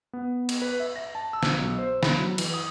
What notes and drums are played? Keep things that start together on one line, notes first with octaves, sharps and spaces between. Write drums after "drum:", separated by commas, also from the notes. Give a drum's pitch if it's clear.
B3
drum: cymbal
B4
E5
A#6
A5
E6
drum: snare
B1
C5
B5, drum: snare
F#3
E3, drum: cymbal
D#6